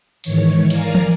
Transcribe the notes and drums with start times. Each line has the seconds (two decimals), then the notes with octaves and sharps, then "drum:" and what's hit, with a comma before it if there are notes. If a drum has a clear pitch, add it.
0.24 G#2 D#3 E3 C#5, drum: cymbal
0.70 A#4 D5 F5 G#5 A#5, drum: cymbal
0.95 drum: tom